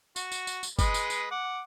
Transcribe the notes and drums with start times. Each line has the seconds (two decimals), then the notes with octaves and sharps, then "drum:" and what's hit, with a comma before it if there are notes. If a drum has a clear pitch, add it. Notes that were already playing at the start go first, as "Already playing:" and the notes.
0.16 F#4, drum: tambourine
0.32 drum: tambourine
0.47 drum: tambourine
0.63 drum: tambourine
0.79 G#3 B4 D#5, drum: kick, tambourine
0.94 drum: tambourine
1.10 drum: tambourine
1.31 F#5 D6